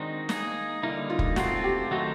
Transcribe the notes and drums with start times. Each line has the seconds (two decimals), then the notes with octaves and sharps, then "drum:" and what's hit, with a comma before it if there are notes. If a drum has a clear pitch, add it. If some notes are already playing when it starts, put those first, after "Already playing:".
Already playing: D#3 G#3 C4 D4 D#4 F#4
0.29 A#3 D#4 G#4, drum: snare
0.83 D3 G3 A#3 D#4 E4
1.10 F4
1.19 drum: kick
1.36 A3 C4 F4 F#4, drum: snare
1.64 G4
1.91 D#3 F#3 A3 C4 D#4 F#4